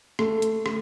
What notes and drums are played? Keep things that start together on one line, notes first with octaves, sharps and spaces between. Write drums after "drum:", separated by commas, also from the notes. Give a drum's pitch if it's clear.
A3, drum: rim click
drum: hi-hat
drum: rim click